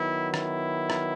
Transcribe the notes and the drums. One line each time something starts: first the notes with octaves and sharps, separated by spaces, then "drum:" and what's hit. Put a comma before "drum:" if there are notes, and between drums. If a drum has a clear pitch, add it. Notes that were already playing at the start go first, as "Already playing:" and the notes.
Already playing: D#3 F#3 B3 E4
E4, drum: rim click
drum: rim click